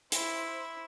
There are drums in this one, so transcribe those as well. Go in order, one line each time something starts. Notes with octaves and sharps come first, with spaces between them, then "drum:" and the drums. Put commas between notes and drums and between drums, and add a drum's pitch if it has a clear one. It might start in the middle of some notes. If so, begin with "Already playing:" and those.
E4 C5, drum: hi-hat